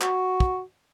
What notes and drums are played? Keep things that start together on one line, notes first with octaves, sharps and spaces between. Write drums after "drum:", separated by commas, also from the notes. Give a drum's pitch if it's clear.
F#4, drum: clap
drum: kick